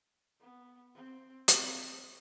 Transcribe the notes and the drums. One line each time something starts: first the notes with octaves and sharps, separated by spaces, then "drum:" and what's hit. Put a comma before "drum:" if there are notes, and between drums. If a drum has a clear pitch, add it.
B3
C4
C4, drum: hi-hat